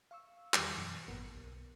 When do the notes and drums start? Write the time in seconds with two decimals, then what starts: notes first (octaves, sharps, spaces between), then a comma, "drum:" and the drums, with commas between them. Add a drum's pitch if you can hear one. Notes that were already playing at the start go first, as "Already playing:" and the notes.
0.11 F5 C#6 E6
0.54 E2 D#3 G3, drum: clap
0.76 F#2 B2 E3
1.08 G#1 F#2 A#2 B3 A#4 C#7
1.35 B1